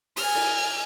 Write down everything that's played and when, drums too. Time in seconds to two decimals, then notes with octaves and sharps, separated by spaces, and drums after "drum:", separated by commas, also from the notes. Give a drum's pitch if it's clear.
0.16 G#5 F6, drum: open hi-hat
0.35 drum: cymbal